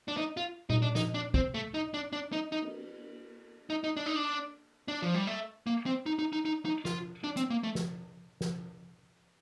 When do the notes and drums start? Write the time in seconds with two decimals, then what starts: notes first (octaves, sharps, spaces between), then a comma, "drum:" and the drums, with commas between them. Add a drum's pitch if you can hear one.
0.08 D4
0.17 D#4
0.37 F4
0.70 D#4, drum: tom A#2
0.82 D4
0.95 D#4, drum: snare
1.14 D4
1.34 C4, drum: kick
1.54 A3
1.74 D#4
1.94 D4
2.13 D4
2.32 D#4
2.52 D#4
2.62 drum: cymbal
3.70 D#4
3.84 D#4
3.97 D4
4.06 D#4
4.16 D4
4.88 D4
5.02 F3
5.14 G3
5.27 A3
5.67 A#3
5.86 C4
6.06 D#4
6.19 D#4
6.33 D#4
6.45 D#4
6.65 D#4
6.85 F4, drum: snare
7.24 D4
7.37 C4, drum: hi-hat
7.50 A#3
7.63 A3
7.75 drum: snare
8.41 drum: snare